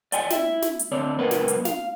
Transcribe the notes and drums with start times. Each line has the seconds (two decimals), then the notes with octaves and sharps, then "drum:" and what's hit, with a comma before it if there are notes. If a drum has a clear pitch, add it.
0.12 D5 D#5 G5 G#5, drum: hi-hat
0.30 E4 E5, drum: snare
0.62 drum: snare
0.80 drum: hi-hat
0.92 D2 C4 C#5 D5
1.19 C#2 F#2 A#2 A#3 B3 B4
1.31 drum: snare
1.48 drum: hi-hat
1.65 F5, drum: snare